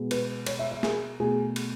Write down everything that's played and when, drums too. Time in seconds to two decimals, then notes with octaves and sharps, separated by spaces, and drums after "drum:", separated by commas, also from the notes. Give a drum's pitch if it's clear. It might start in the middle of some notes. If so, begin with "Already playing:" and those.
Already playing: B2 G#3 B3
0.11 B4, drum: cymbal
0.46 C#5, drum: cymbal
0.59 E5
0.72 E5
0.83 G#4, drum: snare
1.20 B2 A3 G#4
1.56 drum: cymbal